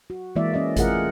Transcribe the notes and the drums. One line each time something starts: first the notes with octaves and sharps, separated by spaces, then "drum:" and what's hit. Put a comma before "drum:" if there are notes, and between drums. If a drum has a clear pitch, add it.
F#4
E3 G#3 A#3 E4 D5 E5
A#3 C#4 D5 D#5
A3 F4 G#4 A#4 F#5, drum: kick G#1, hi-hat